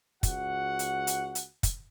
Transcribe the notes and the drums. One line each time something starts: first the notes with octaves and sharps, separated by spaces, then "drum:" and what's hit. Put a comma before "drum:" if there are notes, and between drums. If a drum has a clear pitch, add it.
C#2 F#4 F#5, drum: kick, hi-hat
drum: hi-hat
drum: hi-hat
drum: hi-hat
drum: kick, hi-hat